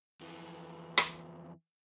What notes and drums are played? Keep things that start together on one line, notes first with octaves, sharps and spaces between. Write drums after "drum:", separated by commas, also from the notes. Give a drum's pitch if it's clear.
F2 E3
drum: rim click